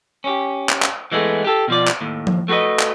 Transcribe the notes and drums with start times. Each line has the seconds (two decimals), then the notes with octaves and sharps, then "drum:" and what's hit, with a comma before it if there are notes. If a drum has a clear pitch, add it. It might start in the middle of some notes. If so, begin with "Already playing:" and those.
0.24 C#4 G4
0.69 drum: clap
0.82 drum: clap
1.12 E3 G#3 A3 B3
1.44 G4 A4
1.68 B2 F3 D5
1.88 drum: clap
2.01 D#2 A2
2.27 drum: tom F3
2.48 A3 F#4 G#4 B4 D#5
2.79 drum: clap